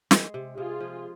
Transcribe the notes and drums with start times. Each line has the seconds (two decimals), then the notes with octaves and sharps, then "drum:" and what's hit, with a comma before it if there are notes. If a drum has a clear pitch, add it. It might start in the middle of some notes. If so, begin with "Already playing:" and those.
0.11 G#3, drum: snare
0.34 C3
0.57 C3 F4 G#4
0.80 F3